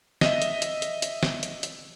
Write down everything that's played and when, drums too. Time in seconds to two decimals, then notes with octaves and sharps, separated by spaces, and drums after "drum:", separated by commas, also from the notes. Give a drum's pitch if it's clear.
0.21 D#5 E5, drum: snare
0.42 drum: hi-hat
0.62 drum: hi-hat
0.82 drum: hi-hat
1.02 drum: hi-hat
1.23 drum: snare
1.43 drum: hi-hat
1.63 drum: hi-hat